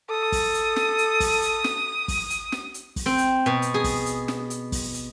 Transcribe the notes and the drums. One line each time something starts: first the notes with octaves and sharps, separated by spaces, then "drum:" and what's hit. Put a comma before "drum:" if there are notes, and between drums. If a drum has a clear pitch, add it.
A4 D#6
drum: kick, open hi-hat
drum: hi-hat
drum: snare
drum: hi-hat
drum: kick, open hi-hat
drum: hi-hat
drum: snare
drum: kick, open hi-hat
drum: hi-hat
drum: snare
drum: hi-hat
drum: kick, open hi-hat
C4
drum: hi-hat
B2
drum: hi-hat
G#4
drum: kick, open hi-hat
drum: hi-hat
drum: snare
drum: hi-hat
drum: kick, open hi-hat
drum: hi-hat